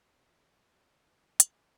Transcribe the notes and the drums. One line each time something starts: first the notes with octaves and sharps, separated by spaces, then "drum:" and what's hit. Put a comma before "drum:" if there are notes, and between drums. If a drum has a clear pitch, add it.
D3 E3 G3
E5
D#3 G#5
drum: hi-hat